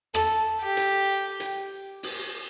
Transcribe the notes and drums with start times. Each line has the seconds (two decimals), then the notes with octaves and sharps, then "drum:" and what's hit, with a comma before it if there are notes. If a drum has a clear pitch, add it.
0.14 A4, drum: rim click
0.61 G4
0.77 drum: hi-hat
1.40 drum: hi-hat
2.03 drum: open hi-hat